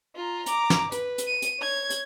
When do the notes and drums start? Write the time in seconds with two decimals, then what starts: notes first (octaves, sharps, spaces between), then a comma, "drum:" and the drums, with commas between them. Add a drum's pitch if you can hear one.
0.16 F4 A#5
0.46 A#5 D6, drum: hi-hat
0.70 drum: snare
0.92 B4, drum: hi-hat
1.18 drum: hi-hat
1.28 D#7
1.42 drum: hi-hat
1.60 C#5 G#6
1.90 drum: hi-hat